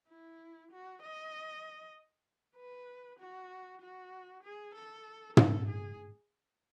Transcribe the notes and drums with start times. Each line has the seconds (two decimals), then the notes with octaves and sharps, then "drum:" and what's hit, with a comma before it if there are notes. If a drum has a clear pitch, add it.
0.09 E4
0.72 F#4
1.02 D#5
2.57 B4
3.19 F#4
3.81 F#4
4.44 G#4
4.75 A4
5.37 A4, drum: tom
5.69 G#4